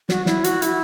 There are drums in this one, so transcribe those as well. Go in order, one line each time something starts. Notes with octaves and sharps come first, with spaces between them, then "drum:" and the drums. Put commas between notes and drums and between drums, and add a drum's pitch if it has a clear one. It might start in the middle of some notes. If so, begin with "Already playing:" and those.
F#4, drum: snare
E4, drum: snare
F#4, drum: hi-hat
E4, drum: hi-hat